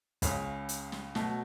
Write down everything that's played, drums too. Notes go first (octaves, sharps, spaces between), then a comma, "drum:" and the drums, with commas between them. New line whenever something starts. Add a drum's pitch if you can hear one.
C#2 C#3 G#3 C#4 B5, drum: kick, hi-hat
drum: hi-hat
drum: snare
B2 F#3 A3, drum: snare